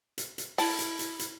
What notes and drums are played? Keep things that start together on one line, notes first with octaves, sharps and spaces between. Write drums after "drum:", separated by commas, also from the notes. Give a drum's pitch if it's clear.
drum: hi-hat
drum: hi-hat
E4 A5, drum: open hi-hat
drum: hi-hat
drum: hi-hat
drum: hi-hat